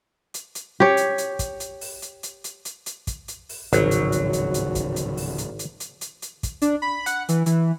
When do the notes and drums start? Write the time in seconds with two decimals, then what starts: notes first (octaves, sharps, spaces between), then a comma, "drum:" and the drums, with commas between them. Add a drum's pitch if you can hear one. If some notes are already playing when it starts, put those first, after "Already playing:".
0.34 drum: hi-hat
0.55 drum: hi-hat
0.80 G4 C#5
0.97 drum: hi-hat
1.18 drum: hi-hat
1.39 drum: kick, hi-hat
1.60 drum: hi-hat
1.81 drum: open hi-hat
2.02 drum: hi-hat
2.23 drum: hi-hat
2.44 drum: hi-hat
2.65 drum: hi-hat
2.86 drum: hi-hat
3.07 drum: kick, hi-hat
3.28 drum: hi-hat
3.49 drum: open hi-hat
3.73 D1 G#1 C#3 F3 F#3, drum: hi-hat
3.91 drum: hi-hat
4.12 drum: hi-hat
4.33 drum: hi-hat
4.54 drum: hi-hat
4.75 drum: kick, hi-hat
4.96 drum: hi-hat
5.17 drum: open hi-hat
5.38 drum: hi-hat
5.59 drum: hi-hat
5.80 drum: hi-hat
6.01 drum: hi-hat
6.22 drum: hi-hat
6.43 drum: kick, hi-hat
6.62 D4, drum: hi-hat
6.82 B5
7.06 F#5, drum: hi-hat
7.29 E3, drum: hi-hat
7.46 E3, drum: hi-hat